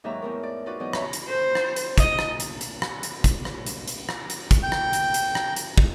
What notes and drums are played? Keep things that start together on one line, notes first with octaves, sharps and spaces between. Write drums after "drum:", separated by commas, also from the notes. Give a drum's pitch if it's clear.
D#2 G#2 F#3 A#3 E5 A#5
E2 G#2 A3 A#4
D5
D#4 F4 F#4 B4 D5
G#2 E3 F#3 B3 D5 D#5
C#5 E5 A#5 B5, drum: rim click
drum: hi-hat
C5
drum: rim click
drum: hi-hat
D#5, drum: kick, hi-hat
drum: rim click
drum: hi-hat
drum: hi-hat
drum: rim click
drum: hi-hat
drum: kick, hi-hat
drum: rim click
drum: hi-hat
drum: hi-hat
drum: rim click
drum: hi-hat
drum: kick, hi-hat
G5
drum: rim click
drum: hi-hat
drum: hi-hat
drum: rim click
drum: hi-hat
drum: kick